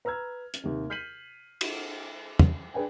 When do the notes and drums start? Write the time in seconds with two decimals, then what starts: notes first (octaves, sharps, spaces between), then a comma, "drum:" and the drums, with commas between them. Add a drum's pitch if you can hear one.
0.05 B4 A#5 E6 F6 G#6
0.54 drum: hi-hat
0.64 D#2 C3
0.90 F6 G6 B6 C7 D#7 F#7
1.61 drum: cymbal
2.39 drum: tom
2.74 D4 G#4 B4 G5 G#5